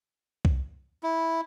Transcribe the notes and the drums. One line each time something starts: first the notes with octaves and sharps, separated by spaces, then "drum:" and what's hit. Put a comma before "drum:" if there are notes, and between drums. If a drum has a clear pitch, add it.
drum: kick C2
E4